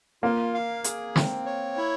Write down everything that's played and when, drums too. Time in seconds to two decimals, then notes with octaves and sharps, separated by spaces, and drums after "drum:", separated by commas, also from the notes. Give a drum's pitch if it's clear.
0.23 A#3 F4
0.54 F5
0.84 G#4, drum: hi-hat
1.16 C4, drum: snare
1.46 C#5
1.77 E4